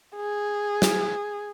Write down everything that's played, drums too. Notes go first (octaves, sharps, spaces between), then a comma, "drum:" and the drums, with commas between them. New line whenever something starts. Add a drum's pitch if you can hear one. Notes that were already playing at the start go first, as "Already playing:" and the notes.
G#4
drum: snare